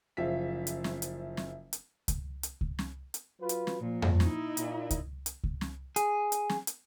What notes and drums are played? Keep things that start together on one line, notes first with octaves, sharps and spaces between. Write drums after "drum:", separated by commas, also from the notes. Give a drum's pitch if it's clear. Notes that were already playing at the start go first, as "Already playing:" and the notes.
F#1 F3 F4 E5 B6
drum: hi-hat
drum: snare
drum: hi-hat
drum: snare
drum: hi-hat
drum: kick C#2, hi-hat
drum: hi-hat
drum: kick C#2
drum: snare
drum: hi-hat
F#3 F4 B4
drum: hi-hat
drum: snare
A#2 F3
drum: tom F2
D#4 E4, drum: snare
A#2, drum: hi-hat
drum: kick C#2, hi-hat
drum: hi-hat
drum: kick C#2
drum: snare
G#4, drum: hi-hat
drum: hi-hat
drum: snare
drum: hi-hat